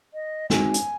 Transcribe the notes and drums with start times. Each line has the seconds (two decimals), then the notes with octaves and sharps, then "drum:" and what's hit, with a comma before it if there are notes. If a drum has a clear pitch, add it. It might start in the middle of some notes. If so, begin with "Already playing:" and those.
0.14 D#5
0.50 G#3 C4 D#4 F#4 G#5, drum: snare
0.74 drum: hi-hat